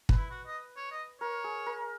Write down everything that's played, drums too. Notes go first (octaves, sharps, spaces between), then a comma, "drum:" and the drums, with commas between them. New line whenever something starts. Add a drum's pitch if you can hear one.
B4, drum: kick
E4
F#4
D#5
C#5
D#5
A#4 C#5
G#4
A#4